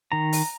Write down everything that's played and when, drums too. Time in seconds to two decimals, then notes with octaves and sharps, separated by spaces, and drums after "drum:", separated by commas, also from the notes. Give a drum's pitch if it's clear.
0.12 D#3 A#5
0.33 drum: open hi-hat